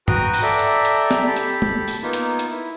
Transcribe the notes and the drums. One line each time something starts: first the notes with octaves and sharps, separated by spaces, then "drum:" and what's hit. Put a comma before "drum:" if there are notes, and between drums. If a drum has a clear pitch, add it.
F#4 B4 G5 A#5 D#6, drum: tom
drum: open hi-hat
A4 D5 E5 G5 A#5
drum: hi-hat
drum: hi-hat
drum: snare
G4 A4 B5
drum: hi-hat
drum: tom
drum: open hi-hat
A#3 B3 D#4 F4
drum: hi-hat
drum: hi-hat
E4